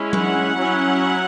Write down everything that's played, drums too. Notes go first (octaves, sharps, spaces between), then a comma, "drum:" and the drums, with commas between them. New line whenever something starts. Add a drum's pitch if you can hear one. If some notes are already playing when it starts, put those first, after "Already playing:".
Already playing: G#3 C#4 E4
F#5, drum: tom F#3
F#3 C#4 E4